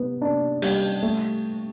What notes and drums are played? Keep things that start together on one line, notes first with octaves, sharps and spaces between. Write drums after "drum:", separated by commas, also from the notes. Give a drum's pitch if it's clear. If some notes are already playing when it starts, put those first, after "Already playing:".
Already playing: B3
D4
G3, drum: cymbal
A3